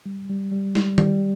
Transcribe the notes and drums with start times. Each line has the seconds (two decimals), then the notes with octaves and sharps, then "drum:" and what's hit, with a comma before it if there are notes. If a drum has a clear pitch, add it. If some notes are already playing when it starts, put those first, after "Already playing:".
0.06 G3
0.29 G3
0.52 G3
0.75 G3, drum: snare
0.98 G3, drum: tom D#3